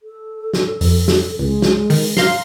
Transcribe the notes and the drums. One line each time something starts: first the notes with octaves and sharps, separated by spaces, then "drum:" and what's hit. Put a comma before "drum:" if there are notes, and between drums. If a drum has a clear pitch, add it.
A4
drum: snare
F2, drum: open hi-hat
drum: snare
C#2 G#3
drum: snare
D#3, drum: open hi-hat
F5 A#5 C6, drum: snare